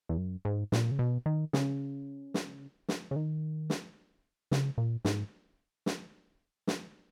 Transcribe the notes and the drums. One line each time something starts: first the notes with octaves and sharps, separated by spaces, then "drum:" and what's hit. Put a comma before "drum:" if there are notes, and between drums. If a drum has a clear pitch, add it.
E2
F#2
G#2
A#2, drum: snare
C#3
B2
D#3
C#3, drum: snare
drum: snare
drum: snare
C#3
D#3
drum: snare
C#3, drum: snare
A#2
G#2, drum: snare
drum: snare
drum: snare